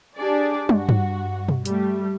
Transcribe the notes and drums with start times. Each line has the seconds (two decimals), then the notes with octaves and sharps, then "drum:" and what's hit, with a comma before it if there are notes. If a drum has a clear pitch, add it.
0.16 D4 G4 G#4 D5
0.69 G2 F#4, drum: tom
0.89 drum: tom G2
1.49 drum: tom B2
1.65 G3 A3, drum: hi-hat